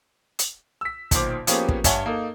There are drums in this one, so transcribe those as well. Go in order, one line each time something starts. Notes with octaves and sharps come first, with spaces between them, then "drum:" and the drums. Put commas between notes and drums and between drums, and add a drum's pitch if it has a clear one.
drum: hi-hat
E6 B6
B1 A#2 D#3 C5 D6, drum: kick, hi-hat
F3 A#3 B3 C#4 G4 G#4, drum: hi-hat
drum: kick
G2 C#5 E5 F#5 G#5 G7, drum: kick, hi-hat
A#3 D#4 A4